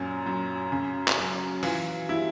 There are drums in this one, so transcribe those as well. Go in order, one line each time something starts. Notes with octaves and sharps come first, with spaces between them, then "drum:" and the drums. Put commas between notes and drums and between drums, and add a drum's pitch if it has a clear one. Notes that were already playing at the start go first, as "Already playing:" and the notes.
Already playing: F#2 A#2 C#4
F#2
C#3
drum: clap
F#3
E3 F4, drum: open hi-hat
G3 E4